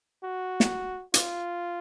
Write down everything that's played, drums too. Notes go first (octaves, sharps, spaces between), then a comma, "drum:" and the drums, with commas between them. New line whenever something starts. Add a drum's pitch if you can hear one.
F#4
drum: snare
F4, drum: hi-hat